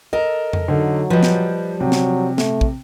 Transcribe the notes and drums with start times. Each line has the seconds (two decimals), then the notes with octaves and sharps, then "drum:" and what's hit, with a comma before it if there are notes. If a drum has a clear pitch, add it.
0.13 A4 A#4 D#5
0.53 drum: tom F2
0.68 D3 F#3 D#4
1.10 F3 G3 B4 D#5
1.23 drum: snare
1.81 C3 F#3
1.92 drum: snare
2.38 A3, drum: snare
2.61 drum: kick